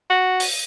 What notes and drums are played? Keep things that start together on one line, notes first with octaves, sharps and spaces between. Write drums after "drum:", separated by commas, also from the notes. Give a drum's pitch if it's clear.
F#4
drum: open hi-hat